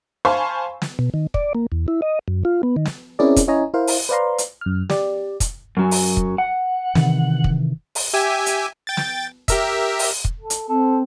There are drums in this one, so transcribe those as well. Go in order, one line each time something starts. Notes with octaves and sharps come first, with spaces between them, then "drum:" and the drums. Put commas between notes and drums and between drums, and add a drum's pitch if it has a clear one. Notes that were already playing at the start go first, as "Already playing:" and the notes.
C5 F5 G#5 A5 B5 C#6
drum: snare
B2
D#3
D5, drum: kick
A#3
E2
E4
D#5
F#2
F4
B3
D#3
drum: snare
C4 C#4 E4 G#4 A#4 D5
drum: kick, hi-hat
C#4 E4 C#5 D#5 G#5 A#5
E4 A#4 C5 F5
drum: open hi-hat
B4 C5 D5 F5 A#5 C6
drum: hi-hat
F#2 F6
G4 D5, drum: snare
drum: kick, hi-hat
F#2 F#3 G#5
drum: open hi-hat
drum: kick
F#5
C3 D#3 E3, drum: snare
drum: kick
drum: open hi-hat
G4 E5 G#5
drum: hi-hat
G5 A6
drum: snare
G4 A#4 E5, drum: kick, hi-hat
drum: open hi-hat
drum: kick
A4
drum: hi-hat
C4 A4